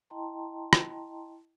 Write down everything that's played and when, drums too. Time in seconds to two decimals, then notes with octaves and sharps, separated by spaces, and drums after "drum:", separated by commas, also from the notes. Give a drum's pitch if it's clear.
0.10 E4 D#5 G5 A5 A#5 C6
0.73 drum: rim click